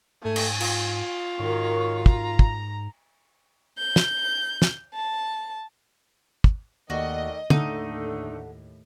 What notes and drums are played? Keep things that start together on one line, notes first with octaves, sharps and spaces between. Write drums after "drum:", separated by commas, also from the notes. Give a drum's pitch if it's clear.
G#2 A3 G#5
drum: cymbal
F4, drum: cymbal
G#2 D#3 F#4 C#5
A#5, drum: kick
drum: kick
G6
drum: snare
drum: snare
A5
drum: kick
D#2 D#3 A3 F#4 D5 D#5
D#2 A2 D3 A3 D#4 A4 D#5 F#5, drum: tom